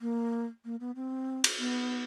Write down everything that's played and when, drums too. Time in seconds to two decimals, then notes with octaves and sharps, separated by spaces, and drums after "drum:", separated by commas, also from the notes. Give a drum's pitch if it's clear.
0.01 A#3
0.65 A#3
0.80 B3
0.96 C4
1.44 drum: cymbal
1.59 B3